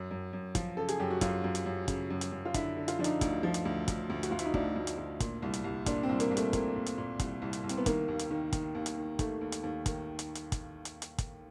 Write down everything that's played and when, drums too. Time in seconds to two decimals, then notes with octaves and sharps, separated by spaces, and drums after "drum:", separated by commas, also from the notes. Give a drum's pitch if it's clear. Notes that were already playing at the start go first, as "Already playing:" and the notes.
Already playing: F#2
0.11 F#2
0.33 F#2
0.55 F3, drum: kick, hi-hat
0.77 C#3 A4
0.89 G#4, drum: hi-hat
0.99 F#2 G4
1.10 F#4
1.21 F#2 F4, drum: kick, hi-hat
1.44 F#2
1.55 drum: hi-hat
1.66 F#2
1.88 C#3, drum: kick, hi-hat
2.10 F#2
2.21 drum: hi-hat
2.32 F#2
2.45 F4
2.54 D3 E4, drum: kick, hi-hat
2.77 D3
2.88 F4, drum: hi-hat
2.99 F3 D4
3.04 D#4, drum: hi-hat
3.21 D2, drum: kick, hi-hat
3.43 F3
3.54 drum: hi-hat
3.65 D2
3.88 D2, drum: kick, hi-hat
4.10 D2
4.23 F#4, drum: hi-hat
4.31 D2 F4
4.39 E4, drum: hi-hat
4.46 D#4
4.54 D2 D4, drum: kick
4.76 D2
4.87 drum: hi-hat
4.98 D2
5.20 A#2, drum: kick, hi-hat
5.42 C2
5.54 drum: hi-hat
5.64 C2
5.86 A#2 D4, drum: kick, hi-hat
6.03 C4
6.09 C2
6.20 A#3, drum: hi-hat
6.31 C2
6.37 A3, drum: hi-hat
6.53 A#2 A#3, drum: kick, hi-hat
6.76 A#2
6.86 drum: hi-hat
6.98 A#2
7.19 C2, drum: kick, hi-hat
7.42 C2
7.53 drum: hi-hat
7.64 C2
7.69 C4, drum: hi-hat
7.77 B3
7.86 D#3 A#3, drum: kick, hi-hat
8.08 D#2
8.19 drum: hi-hat
8.30 D#3
8.53 D#3, drum: kick, hi-hat
8.75 D#2
8.86 drum: hi-hat
8.97 D#3
9.19 D#2 A3, drum: kick, hi-hat
9.41 D#2
9.52 drum: hi-hat
9.63 D#2
9.86 D#3, drum: kick, hi-hat
10.19 drum: hi-hat
10.35 drum: hi-hat
10.52 drum: kick, hi-hat
10.85 drum: hi-hat
11.02 drum: hi-hat
11.18 drum: kick, hi-hat